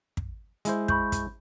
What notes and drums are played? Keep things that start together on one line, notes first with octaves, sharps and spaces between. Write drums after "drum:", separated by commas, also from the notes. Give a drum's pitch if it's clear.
drum: kick
G#3 E4 C5, drum: hi-hat
B5 C#6 G6, drum: kick
drum: kick, hi-hat